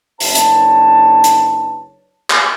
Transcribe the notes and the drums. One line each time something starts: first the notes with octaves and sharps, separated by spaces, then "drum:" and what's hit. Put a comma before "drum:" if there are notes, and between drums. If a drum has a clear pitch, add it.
F#1 D4 B4 C#5 A5, drum: open hi-hat
drum: hi-hat
drum: hi-hat
drum: clap